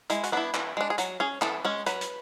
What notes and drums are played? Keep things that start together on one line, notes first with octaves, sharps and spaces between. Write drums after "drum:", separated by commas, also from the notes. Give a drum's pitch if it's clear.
G#3 E4, drum: hi-hat
F#4, drum: hi-hat
B3 D4 E4
E3, drum: clap
G#3 D4
G#4
F#3 F#4, drum: hi-hat
C#4 G#4
E3 A4, drum: clap
G#3 C#4
F#3 B4, drum: hi-hat
drum: hi-hat